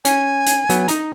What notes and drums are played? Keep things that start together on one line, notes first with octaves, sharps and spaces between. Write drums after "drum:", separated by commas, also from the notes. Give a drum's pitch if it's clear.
C#4 G#5, drum: hi-hat
drum: hi-hat
F#3 B3, drum: hi-hat
D#4 D#5 A#5, drum: hi-hat